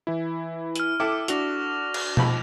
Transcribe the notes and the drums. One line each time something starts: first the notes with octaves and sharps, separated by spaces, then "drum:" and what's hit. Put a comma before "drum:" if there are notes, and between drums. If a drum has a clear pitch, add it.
E3 E4
F6 D#7, drum: hi-hat
E4 A4 G5 D6
D4 F#4 D6 A#6 F7, drum: hi-hat
drum: cymbal
D#2 F3 B5, drum: tom B2